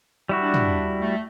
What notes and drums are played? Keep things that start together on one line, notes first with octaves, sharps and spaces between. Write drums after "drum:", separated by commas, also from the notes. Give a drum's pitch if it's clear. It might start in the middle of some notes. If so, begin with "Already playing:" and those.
G3 E4 F#4
D4
drum: tom
A3